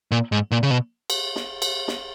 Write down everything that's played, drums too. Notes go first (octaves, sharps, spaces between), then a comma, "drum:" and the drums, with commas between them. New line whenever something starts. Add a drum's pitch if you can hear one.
A#2
G#2
A#2
C#3
B2
drum: cymbal
drum: snare
drum: cymbal
drum: snare